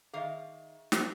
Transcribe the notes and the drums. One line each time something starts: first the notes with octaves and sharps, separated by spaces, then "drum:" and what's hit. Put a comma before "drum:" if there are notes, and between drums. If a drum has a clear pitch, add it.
D#3 G#4 E5 F5
drum: snare